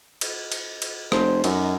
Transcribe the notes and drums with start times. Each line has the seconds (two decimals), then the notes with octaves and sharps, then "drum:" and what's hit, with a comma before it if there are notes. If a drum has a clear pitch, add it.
0.21 drum: cymbal
0.52 drum: cymbal
0.82 drum: cymbal
1.12 F1 C5, drum: rim click
1.44 F#2 D#4, drum: cymbal